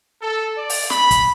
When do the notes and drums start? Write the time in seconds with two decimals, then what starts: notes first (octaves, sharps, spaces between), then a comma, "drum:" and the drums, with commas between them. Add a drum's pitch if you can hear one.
0.21 A4
0.57 D5
0.70 drum: open hi-hat
0.90 B5, drum: snare
1.11 drum: kick, hi-hat